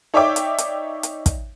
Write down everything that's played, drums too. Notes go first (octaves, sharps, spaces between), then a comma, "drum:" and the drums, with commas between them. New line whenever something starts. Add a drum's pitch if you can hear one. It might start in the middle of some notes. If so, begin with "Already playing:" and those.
D#4 C#5 D5 E5 G5 D6
drum: hi-hat
drum: hi-hat
drum: hi-hat
drum: kick, hi-hat